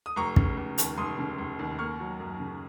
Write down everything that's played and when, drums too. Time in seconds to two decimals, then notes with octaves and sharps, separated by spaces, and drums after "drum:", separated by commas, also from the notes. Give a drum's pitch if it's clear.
0.06 D#6
0.16 F1 A#5 C#6
0.36 C#3, drum: kick
0.57 F1
0.78 D#2, drum: hi-hat
0.97 F1 C6 D#6
1.19 C#3
1.38 F1
1.59 D#2
1.79 A#3 C#6 F6
2.00 F#3
2.20 F#2
2.40 C#3